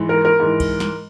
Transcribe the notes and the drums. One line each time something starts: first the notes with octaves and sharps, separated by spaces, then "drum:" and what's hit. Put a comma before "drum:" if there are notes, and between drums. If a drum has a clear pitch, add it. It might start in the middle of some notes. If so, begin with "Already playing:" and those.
Already playing: G#2 E3
A#4
A#4
G#2 E3
drum: kick C2, cymbal
drum: snare